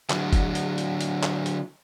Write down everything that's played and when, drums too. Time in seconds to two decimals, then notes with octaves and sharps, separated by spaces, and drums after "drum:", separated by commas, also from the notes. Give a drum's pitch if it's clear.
0.10 D3 F#3, drum: clap
0.33 drum: kick F#1, hi-hat
0.55 drum: hi-hat
0.78 drum: hi-hat
1.01 drum: hi-hat
1.23 drum: clap
1.46 drum: hi-hat